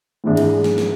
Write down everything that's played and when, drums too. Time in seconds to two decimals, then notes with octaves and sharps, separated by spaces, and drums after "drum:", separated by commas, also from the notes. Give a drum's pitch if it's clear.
0.24 G#2 E3 G#3 D4
0.37 drum: cymbal
0.64 drum: snare
0.78 drum: snare